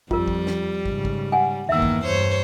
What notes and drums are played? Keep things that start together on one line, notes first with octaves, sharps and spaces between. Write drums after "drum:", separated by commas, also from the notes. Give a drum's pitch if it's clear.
F2 G3 F4 A#4, drum: kick
drum: kick
drum: snare
G#2 C#3, drum: kick
drum: kick
F#5 G#5
E2 G2 D#3 A#3 E5 E6
drum: kick
G2 C5 C#5